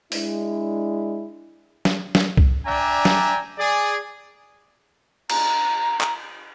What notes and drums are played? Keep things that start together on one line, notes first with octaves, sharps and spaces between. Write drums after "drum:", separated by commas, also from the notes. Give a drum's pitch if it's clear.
G#3 D4 E4, drum: open hi-hat
drum: snare
drum: snare
drum: kick C2
D4 D5 E5 G5 G#5 A#5
drum: snare
G#4 D5
A#5, drum: cymbal
drum: clap